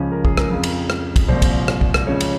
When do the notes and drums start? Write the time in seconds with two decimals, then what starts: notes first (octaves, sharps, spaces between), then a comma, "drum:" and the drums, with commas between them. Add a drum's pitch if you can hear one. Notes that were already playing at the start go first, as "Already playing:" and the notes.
Already playing: C#2 C#3 F3 C#4
0.12 A#4
0.25 G#4, drum: kick
0.37 A#4, drum: rim click
0.50 F2 C#3 F3
0.63 drum: cymbal
0.90 drum: rim click
1.16 drum: kick, cymbal
1.28 C2 A#2 F3 C5
1.42 drum: kick, cymbal
1.68 drum: rim click
1.81 drum: kick
1.94 drum: rim click
2.07 C#2 C#3 F3 C#5
2.21 drum: cymbal